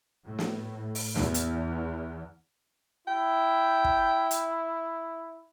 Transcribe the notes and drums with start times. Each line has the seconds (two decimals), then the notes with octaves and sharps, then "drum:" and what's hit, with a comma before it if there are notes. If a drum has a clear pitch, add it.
0.25 A2
0.39 drum: snare
0.95 drum: open hi-hat
1.16 E2, drum: snare
1.34 drum: hi-hat
3.07 E4 G5
3.85 drum: kick
4.31 drum: hi-hat